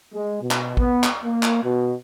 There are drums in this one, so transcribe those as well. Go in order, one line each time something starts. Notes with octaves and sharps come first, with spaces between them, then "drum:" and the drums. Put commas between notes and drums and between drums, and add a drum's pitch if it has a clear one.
G#3
B2
drum: clap
B3, drum: kick A1
drum: clap
A#3
drum: clap
B2